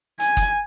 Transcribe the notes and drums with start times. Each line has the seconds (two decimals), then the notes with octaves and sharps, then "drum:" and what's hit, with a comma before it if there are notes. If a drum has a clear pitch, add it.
0.20 G#5, drum: hi-hat
0.37 drum: kick F#1, hi-hat